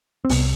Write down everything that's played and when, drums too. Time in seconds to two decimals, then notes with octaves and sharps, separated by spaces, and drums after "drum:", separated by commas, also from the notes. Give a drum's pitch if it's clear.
0.25 C4
0.29 C2 C3 B3, drum: open hi-hat